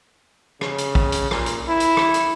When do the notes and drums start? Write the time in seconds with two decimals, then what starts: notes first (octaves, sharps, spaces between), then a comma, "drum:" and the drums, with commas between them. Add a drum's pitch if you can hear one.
0.61 C#3, drum: rim click
0.78 drum: hi-hat
0.95 drum: kick
1.12 drum: hi-hat
1.31 A#2, drum: rim click
1.46 drum: hi-hat
1.68 E4
1.80 drum: hi-hat
1.97 drum: rim click
2.14 drum: hi-hat